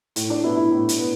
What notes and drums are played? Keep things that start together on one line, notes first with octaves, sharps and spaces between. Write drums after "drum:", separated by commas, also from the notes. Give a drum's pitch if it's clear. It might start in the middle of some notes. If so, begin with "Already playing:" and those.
A2, drum: hi-hat
D4
B3 E4
E4
A2
drum: hi-hat
B3